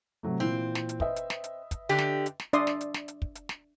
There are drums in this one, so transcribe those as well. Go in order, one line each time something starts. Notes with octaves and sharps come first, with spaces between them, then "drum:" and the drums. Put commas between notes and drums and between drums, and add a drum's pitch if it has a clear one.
C3 F#3 A3
A#2 E3 C4
drum: snare
drum: hi-hat
B4 D#5 E5, drum: kick
drum: hi-hat
drum: snare
drum: hi-hat
drum: kick, hi-hat
D3 G4
drum: snare
drum: hi-hat
drum: snare
D4 D5 E5 C6 D#6, drum: hi-hat
drum: snare
drum: hi-hat
drum: snare
drum: hi-hat
drum: kick
drum: hi-hat
drum: snare